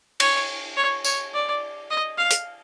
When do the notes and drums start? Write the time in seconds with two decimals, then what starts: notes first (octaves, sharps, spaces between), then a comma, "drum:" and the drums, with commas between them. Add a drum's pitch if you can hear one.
0.20 C#5, drum: cymbal
0.77 C#5
1.04 C#5, drum: tambourine
1.33 D5
1.90 D#5
2.18 F5
2.31 drum: hi-hat